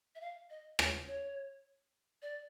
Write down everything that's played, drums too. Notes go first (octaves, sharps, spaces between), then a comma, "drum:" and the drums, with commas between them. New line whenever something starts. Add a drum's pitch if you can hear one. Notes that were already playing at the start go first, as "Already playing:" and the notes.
E5
F5
D#5
C#5, drum: rim click
C#5
D5